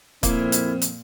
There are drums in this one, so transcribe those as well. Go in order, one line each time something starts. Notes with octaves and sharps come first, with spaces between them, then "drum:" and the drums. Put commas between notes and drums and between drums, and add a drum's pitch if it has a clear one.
F2 A#2 A#3 C4 E4, drum: kick C#1, hi-hat
drum: hi-hat
drum: hi-hat